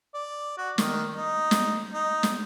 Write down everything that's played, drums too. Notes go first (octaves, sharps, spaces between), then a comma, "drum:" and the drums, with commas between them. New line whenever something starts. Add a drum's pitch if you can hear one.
D5
F#4
D#3, drum: snare
D#4
drum: snare
D#4
drum: snare